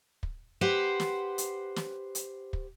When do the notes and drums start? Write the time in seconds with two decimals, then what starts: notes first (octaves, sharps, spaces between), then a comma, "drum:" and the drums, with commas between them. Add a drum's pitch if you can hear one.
0.23 drum: kick
0.61 G4 B4 C5 F#5
1.00 drum: snare
1.38 drum: hi-hat
1.76 drum: snare
2.15 drum: hi-hat
2.53 drum: kick